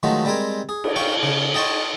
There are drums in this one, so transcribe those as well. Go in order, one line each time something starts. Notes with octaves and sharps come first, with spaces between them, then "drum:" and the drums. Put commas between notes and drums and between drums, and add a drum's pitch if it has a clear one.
D#3 F3 F#3 G#3 A3 D#4
G3 G#3 C4 A#4 G#5
G#4
drum: cymbal
F5 G5 C#6
C#3
D#5 G5 A5 C6 C#6